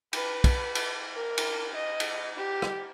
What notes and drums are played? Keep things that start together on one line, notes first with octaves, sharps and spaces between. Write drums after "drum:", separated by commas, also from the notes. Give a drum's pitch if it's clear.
B4, drum: cymbal
drum: kick, cymbal
drum: cymbal
A#4
drum: cymbal
D#5
drum: cymbal
G4
drum: rim click